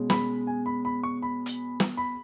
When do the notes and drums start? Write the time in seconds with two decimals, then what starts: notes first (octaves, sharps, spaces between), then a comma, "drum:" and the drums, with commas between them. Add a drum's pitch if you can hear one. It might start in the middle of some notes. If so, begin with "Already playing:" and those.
Already playing: B2 G#3 C#4
0.10 B5, drum: snare
0.47 G#5
0.66 B5
0.85 B5
1.03 C#6
1.22 B5
1.46 drum: hi-hat
1.80 drum: snare
1.97 B5